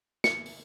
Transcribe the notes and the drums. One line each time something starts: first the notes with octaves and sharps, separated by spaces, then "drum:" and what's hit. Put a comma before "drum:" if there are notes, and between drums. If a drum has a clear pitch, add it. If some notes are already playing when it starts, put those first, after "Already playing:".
C#7, drum: snare
drum: open hi-hat